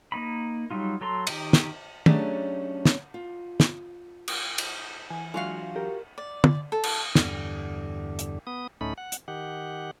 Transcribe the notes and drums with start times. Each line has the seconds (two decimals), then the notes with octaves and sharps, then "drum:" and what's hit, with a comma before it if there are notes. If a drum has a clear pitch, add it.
0.12 A#3 D#4 B5
0.71 F#3 G3 D#4 F4
1.01 F#3 A4 A#5 C6
1.27 D#3 G4 A#4 D#5, drum: cymbal
1.53 drum: snare
2.06 F#3 A3 C#4 D4 G4 G#4, drum: tom
2.85 drum: snare
3.14 F4
3.60 drum: snare
4.28 drum: cymbal
4.58 drum: cymbal
5.10 E3 G#5
5.34 E3 F#3 G#3 D4 F4 F#4 F5
5.76 G4 A#4
6.18 D5
6.44 drum: tom
6.72 A4
6.83 drum: cymbal
7.15 E2 G2 D3, drum: snare
8.19 drum: hi-hat
8.47 B3 D#6
8.81 D2 A2 A3 C#4 D#4 B5
8.98 F#5
9.12 drum: hi-hat
9.28 D#3 G4 F#5